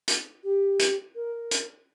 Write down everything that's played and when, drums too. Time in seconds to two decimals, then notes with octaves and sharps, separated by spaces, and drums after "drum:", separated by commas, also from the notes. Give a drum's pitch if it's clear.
0.08 drum: hi-hat
0.44 G4
0.79 drum: hi-hat
1.15 A#4
1.51 drum: hi-hat